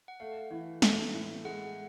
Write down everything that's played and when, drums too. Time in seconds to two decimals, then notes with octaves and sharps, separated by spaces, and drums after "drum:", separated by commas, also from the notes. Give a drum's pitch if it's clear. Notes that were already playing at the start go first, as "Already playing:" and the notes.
0.08 F#5
0.20 A3 F5
0.51 E3
0.82 A3, drum: snare
1.13 A2
1.44 G#3 F#5